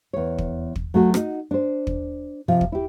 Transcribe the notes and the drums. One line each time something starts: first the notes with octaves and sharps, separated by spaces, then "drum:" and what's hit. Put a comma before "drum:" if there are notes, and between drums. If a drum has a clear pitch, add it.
E2 C#5
drum: kick
drum: kick
F#3 A3 F#4
D#4 F#4, drum: rim click
D4 C5
drum: kick
C3 F3 F4
drum: kick
E4 G4